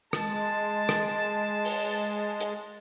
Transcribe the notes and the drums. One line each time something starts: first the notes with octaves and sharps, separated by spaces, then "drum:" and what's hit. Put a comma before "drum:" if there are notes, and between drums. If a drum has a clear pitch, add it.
G#3 A5, drum: rim click
drum: rim click
drum: open hi-hat
drum: hi-hat